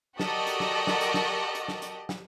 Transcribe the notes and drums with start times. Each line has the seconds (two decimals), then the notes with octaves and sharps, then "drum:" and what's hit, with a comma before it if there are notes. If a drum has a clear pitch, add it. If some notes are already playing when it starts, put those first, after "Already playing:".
0.20 F#4 G4 A4 A#4 D5 D#5, drum: snare
0.47 drum: hi-hat
0.60 drum: snare
0.87 drum: snare
1.01 drum: hi-hat
1.14 drum: snare
1.55 drum: hi-hat
1.68 drum: snare
1.82 drum: hi-hat
2.09 drum: snare